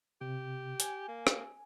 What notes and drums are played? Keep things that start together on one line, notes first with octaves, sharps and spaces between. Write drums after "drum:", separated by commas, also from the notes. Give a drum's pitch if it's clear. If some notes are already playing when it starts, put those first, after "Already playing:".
C3 G4
G#5, drum: hi-hat
A#3
drum: rim click